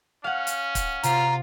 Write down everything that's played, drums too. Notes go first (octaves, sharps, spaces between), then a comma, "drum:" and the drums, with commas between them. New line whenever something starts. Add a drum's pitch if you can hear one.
C#4 F5 F#5
drum: hi-hat
drum: kick, hi-hat
C3 F4 A#5, drum: hi-hat